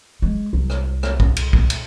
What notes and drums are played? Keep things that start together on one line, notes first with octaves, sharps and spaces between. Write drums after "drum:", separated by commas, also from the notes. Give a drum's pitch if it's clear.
G#3
C2
drum: rim click
drum: rim click
drum: kick
drum: cymbal
drum: kick
drum: cymbal